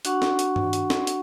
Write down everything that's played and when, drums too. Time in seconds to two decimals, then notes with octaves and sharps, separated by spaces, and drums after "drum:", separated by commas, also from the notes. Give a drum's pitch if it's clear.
0.05 D4 F#4 F#5 C#6, drum: hi-hat
0.22 drum: snare
0.39 drum: hi-hat
0.56 drum: tom G2
0.73 drum: hi-hat
0.90 drum: snare
1.07 drum: hi-hat